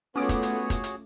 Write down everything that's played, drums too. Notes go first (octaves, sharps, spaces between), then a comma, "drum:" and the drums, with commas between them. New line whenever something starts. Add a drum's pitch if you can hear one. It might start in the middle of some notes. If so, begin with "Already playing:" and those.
A3 B3 C#4 F4 F#4 G#4 C#5 D6
drum: kick, hi-hat
drum: hi-hat
drum: kick, hi-hat
drum: hi-hat